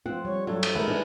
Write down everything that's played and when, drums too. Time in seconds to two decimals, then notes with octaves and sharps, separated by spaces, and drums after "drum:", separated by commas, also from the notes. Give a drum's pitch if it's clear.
0.06 C4 F4 F#5
0.25 G3 C#5
0.47 G2 F#3 A4
0.63 drum: cymbal
0.75 D#3 E3 G#3 B3 A#4
0.88 E3 D4